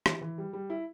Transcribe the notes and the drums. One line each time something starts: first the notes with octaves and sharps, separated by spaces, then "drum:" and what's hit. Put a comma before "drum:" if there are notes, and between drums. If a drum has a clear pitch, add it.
E3, drum: rim click
E3
G3
G3
E4